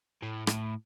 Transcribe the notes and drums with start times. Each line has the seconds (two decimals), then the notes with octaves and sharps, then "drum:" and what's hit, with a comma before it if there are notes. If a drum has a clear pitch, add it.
0.23 A2
0.47 A2, drum: rim click